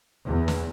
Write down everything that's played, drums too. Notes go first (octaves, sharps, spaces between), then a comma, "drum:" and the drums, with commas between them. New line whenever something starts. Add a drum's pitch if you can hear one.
E2
drum: snare